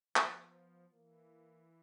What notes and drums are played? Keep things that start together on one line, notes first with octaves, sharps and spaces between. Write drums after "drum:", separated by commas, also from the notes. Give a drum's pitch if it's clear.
F3 B3, drum: clap
E3 A#3